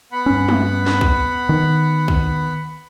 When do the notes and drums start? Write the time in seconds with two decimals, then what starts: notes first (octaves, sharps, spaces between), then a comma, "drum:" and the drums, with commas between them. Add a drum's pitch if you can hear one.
0.12 B3 F#5 B5
0.26 G2 C#4
0.49 drum: tom G#3
0.86 drum: snare
1.01 drum: kick
1.49 D#3
2.08 drum: kick